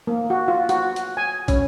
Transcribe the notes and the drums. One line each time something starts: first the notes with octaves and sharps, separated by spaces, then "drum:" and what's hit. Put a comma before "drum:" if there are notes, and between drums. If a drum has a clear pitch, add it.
A#3
F#4
F4
F#4, drum: hi-hat
drum: hi-hat
G#5
C#4, drum: kick, hi-hat